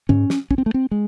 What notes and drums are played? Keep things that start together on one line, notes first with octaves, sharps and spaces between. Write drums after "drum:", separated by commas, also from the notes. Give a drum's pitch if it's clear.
G#2 C#4, drum: tom
drum: snare
C#4, drum: kick
C4
A3
C4
G#3